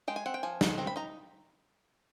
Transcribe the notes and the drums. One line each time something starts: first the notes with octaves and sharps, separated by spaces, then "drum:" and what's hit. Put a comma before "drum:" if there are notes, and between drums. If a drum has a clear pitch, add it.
G#3 G5
G#5
C4 F#5
G5
F3 G#5
D#4, drum: snare
C4 A#5
B5
D#4 A#5